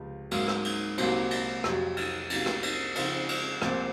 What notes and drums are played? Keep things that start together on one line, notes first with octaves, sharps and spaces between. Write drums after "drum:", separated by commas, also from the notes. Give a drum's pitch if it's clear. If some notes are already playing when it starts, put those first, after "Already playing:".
Already playing: C#2 C3 F3
G#2 F#3 A#3, drum: cymbal
drum: rim click
drum: cymbal
C2 A#2 F#3 C4, drum: cymbal
drum: cymbal
F2 C3 F#3, drum: rim click
drum: cymbal
C2 C3 F#3 A#3, drum: cymbal
drum: rim click
drum: cymbal
C#3 F3 C4 F4, drum: cymbal
drum: cymbal
C2 A#2 F3 C4, drum: rim click